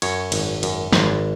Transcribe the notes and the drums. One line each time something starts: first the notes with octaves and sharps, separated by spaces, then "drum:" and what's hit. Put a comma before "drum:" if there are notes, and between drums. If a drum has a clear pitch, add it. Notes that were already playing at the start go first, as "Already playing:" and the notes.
F#2 C#5, drum: cymbal
G#1, drum: cymbal
F#2, drum: cymbal
G#1, drum: snare